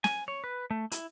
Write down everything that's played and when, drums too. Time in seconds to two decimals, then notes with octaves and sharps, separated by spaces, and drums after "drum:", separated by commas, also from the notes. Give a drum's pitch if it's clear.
0.04 G#5, drum: snare
0.28 C#5
0.44 B4
0.71 A3
0.92 E4, drum: hi-hat